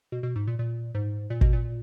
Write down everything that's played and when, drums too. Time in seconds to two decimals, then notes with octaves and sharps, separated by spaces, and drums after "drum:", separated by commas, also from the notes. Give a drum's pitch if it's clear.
0.12 B2
0.23 B2
0.36 G#2
0.47 A#2
0.59 A#2
0.95 G#2
1.30 A#2
1.41 B2, drum: kick
1.53 A#2